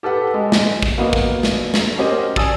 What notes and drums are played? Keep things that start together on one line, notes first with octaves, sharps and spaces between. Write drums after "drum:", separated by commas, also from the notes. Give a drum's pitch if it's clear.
G4 A4 B4 F#5
G#3
drum: snare
drum: kick
A#3 B3 F#4 D#5
drum: kick
drum: snare
drum: snare
C#4 F#4 G4 A#4 C5 D#5
D5 G#5 A5 D#6 E6 A6, drum: kick